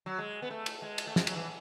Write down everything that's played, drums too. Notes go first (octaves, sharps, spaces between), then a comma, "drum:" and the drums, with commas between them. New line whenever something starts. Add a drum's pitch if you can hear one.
F#3
G#3
B3
A3
drum: cymbal
G#3
drum: cymbal
A3
G#3, drum: snare
F#3, drum: cymbal
E3